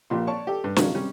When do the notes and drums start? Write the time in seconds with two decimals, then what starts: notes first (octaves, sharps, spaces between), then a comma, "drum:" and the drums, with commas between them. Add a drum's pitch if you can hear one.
0.10 A#1 A#2 F4 G4 C6
0.27 C#5 D5 A5 C#6
0.47 G4 A4
0.64 G2
0.76 C3 D#3 F3 F#3 G#3 C#4, drum: snare
0.94 C3 G3 C#4